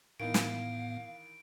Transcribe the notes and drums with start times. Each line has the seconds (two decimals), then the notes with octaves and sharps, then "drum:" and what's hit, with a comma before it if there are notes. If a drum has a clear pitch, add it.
0.20 A2 D#3 E3 B3 D#4 F5 D7
0.34 drum: snare